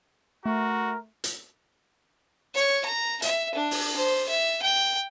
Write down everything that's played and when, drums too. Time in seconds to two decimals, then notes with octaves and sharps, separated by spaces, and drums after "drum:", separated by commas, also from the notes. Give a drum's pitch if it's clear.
0.46 A3 F#4 A#4
1.24 drum: hi-hat
2.54 C#5
2.85 A#5
3.22 E5, drum: hi-hat
3.54 D4
3.71 drum: open hi-hat
3.96 C5
4.28 E5
4.62 G5